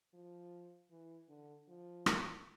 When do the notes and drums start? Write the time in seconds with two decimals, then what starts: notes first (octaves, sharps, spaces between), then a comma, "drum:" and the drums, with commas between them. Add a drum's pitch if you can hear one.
0.13 F3
0.90 E3
1.29 D3
1.68 F3
2.06 drum: rim click